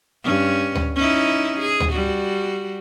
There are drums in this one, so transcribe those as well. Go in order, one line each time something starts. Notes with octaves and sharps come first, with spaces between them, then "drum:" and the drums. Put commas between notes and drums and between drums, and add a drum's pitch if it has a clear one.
G2 C#4
drum: tom D2
C#4 D#4 E4
G#4
drum: tom D2
G3 F#4